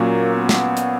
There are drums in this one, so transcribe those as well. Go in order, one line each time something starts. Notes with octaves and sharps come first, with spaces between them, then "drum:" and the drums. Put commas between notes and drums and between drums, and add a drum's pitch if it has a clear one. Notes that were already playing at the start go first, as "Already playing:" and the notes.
Already playing: A#2 F#3 A#3 C#4 F#4
B3
drum: snare
drum: hi-hat